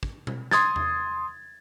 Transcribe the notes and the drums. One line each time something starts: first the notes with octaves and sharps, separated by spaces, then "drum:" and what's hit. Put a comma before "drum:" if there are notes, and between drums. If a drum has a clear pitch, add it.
drum: kick
drum: tom B2
C6 D#6 G#6 A6, drum: snare
drum: tom E2